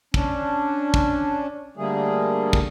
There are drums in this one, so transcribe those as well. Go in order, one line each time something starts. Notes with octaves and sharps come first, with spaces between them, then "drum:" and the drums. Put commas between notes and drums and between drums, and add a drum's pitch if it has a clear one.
C#4 D4, drum: kick
drum: kick
D3 G3 A3 A#3 G#4
drum: kick